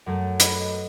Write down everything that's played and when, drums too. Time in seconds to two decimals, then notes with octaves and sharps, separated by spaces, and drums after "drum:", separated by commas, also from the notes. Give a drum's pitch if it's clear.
0.06 F#2 F#3 A3
0.40 B4 D#5, drum: hi-hat